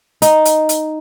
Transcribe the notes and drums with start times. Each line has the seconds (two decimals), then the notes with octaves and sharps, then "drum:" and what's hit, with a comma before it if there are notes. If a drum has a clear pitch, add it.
0.22 D#4, drum: hi-hat
0.45 drum: hi-hat
0.69 drum: hi-hat